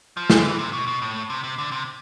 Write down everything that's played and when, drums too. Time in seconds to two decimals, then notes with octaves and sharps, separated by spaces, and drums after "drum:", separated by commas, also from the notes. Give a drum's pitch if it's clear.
0.17 F3
0.30 drum: snare
0.39 D3
0.45 E3
0.59 C3
0.73 B2
0.88 B2
1.02 A2
1.30 C3
1.44 C3
1.58 D3
1.72 C3